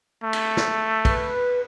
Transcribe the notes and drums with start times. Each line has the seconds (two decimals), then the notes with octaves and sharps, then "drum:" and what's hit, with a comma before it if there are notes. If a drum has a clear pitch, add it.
0.23 A3
0.33 drum: cymbal
0.57 drum: snare
1.05 B4, drum: kick, cymbal